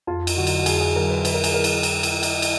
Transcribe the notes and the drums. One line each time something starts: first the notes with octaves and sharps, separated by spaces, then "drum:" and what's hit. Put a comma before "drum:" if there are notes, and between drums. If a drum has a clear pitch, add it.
F2 F4
drum: cymbal
D3 F#3 F#4
drum: cymbal
F#4
F2 G#4, drum: cymbal
G#4
D3 F#3 A#4
B4
F2 B4, drum: cymbal
A#4
G#4, drum: cymbal
D3 F#3 A#4
drum: cymbal
F2, drum: cymbal
drum: cymbal
drum: cymbal
drum: cymbal